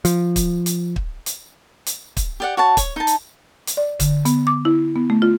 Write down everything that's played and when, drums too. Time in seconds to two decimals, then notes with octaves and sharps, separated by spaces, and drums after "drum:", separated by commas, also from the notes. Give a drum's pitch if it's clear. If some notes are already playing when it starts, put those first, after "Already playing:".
0.05 F3, drum: hi-hat
0.36 drum: kick, hi-hat
0.66 drum: hi-hat
0.96 drum: kick
1.26 drum: hi-hat
1.86 drum: hi-hat
2.17 drum: kick, hi-hat
2.40 G4 D5 F#5
2.57 F#4 C#5 F#5 A5
2.77 C#5, drum: kick, hi-hat
2.96 D#4 A5
3.07 drum: hi-hat
3.67 drum: hi-hat
3.77 D5
4.00 D3, drum: kick, hi-hat
4.25 B3, drum: hi-hat
4.47 D6
4.65 E4
4.96 B3
5.10 A3
5.22 F4